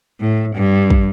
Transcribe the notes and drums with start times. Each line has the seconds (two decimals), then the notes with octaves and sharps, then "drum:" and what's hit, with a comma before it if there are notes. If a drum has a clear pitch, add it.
0.21 A2
0.56 G2
0.90 drum: kick